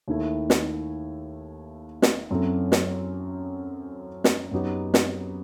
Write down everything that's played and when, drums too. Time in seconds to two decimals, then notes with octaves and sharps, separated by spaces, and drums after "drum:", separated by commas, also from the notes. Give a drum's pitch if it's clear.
0.08 D#2 D#3 A3 E4
0.50 drum: snare
2.02 drum: snare
2.31 F#2 F#3 C4 E4 A4
2.72 drum: snare
4.24 drum: snare
4.51 F#2 F#3 B3 D#4 G4
4.94 drum: snare